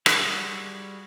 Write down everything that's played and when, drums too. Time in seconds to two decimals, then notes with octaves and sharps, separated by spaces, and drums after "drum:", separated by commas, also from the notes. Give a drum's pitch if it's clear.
0.06 G3 F#4 G#4 D#6, drum: rim click